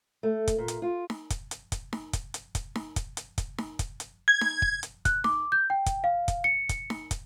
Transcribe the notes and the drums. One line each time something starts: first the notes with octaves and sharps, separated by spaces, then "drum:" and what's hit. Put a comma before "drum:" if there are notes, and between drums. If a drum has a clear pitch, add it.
A3
drum: kick, hi-hat
A#2
drum: hi-hat
F4
drum: snare D#4
drum: kick, hi-hat
drum: hi-hat
drum: kick, hi-hat
drum: snare D#4
drum: kick, hi-hat
drum: hi-hat
drum: kick, hi-hat
drum: snare D#4
drum: kick, hi-hat
drum: hi-hat
drum: kick, hi-hat
drum: snare D#4
drum: kick, hi-hat
drum: hi-hat
G#6
drum: snare D#4
drum: kick
drum: hi-hat
F#6, drum: kick, hi-hat
D6, drum: snare D#4
G6
G5
drum: kick, hi-hat
F5
drum: kick, hi-hat
C#7
drum: kick, hi-hat
drum: snare D#4
drum: kick, hi-hat